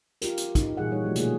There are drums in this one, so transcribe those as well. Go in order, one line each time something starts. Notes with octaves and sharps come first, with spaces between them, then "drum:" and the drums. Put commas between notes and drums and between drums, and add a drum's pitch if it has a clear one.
F4 G4 A#4, drum: hi-hat
drum: hi-hat
D#4, drum: kick, hi-hat
A#2 E3 G3 G#4 F#5
G3 D#4 C#5
F3 A3 F#4
B2 D3 A3 A#3 G#4, drum: hi-hat